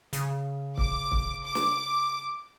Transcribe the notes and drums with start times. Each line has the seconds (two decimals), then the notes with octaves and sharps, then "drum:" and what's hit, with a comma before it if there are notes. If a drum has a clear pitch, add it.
0.13 C#3, drum: hi-hat
0.77 D6, drum: kick
1.12 drum: kick
1.44 D6
1.55 drum: snare